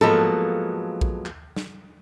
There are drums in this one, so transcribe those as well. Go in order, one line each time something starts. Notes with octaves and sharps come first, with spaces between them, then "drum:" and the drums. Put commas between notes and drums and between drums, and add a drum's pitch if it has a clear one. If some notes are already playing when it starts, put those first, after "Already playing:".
F3 F#3 G#3 A#3 B3 A4, drum: tom G#2
drum: kick A#1
drum: clap
drum: snare